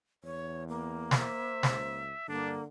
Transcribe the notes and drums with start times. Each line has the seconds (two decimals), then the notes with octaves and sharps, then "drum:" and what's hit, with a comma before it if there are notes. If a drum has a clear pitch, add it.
0.24 E2 C#5
0.69 A#3
1.11 C5 E5, drum: snare
1.63 C#2, drum: snare
2.29 G2 D3 A#3 D4